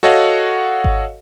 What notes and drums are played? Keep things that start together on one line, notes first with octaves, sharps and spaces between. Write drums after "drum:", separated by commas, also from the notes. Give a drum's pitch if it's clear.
F#4 A4 C#5 D#5 F5 F#5
drum: kick G#1